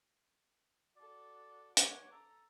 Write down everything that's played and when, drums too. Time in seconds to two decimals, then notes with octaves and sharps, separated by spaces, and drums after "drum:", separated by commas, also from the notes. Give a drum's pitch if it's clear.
0.97 F#4 A4 D5
1.77 C#5 F#5 D6, drum: hi-hat
2.12 A4 A#5